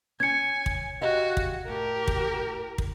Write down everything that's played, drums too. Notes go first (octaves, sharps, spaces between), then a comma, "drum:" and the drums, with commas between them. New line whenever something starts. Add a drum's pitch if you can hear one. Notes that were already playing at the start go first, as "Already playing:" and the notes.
C#4 G#5 G#6 C#7
drum: kick
F#4 G4 D#5 F5
drum: kick
A2 G4 A#4
drum: kick
drum: kick